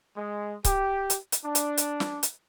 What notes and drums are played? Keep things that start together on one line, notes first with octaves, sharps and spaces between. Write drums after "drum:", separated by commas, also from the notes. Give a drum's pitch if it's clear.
G#3
G4, drum: kick C#1, hi-hat
drum: hi-hat
drum: hi-hat
D4
drum: hi-hat
drum: hi-hat
drum: snare
drum: hi-hat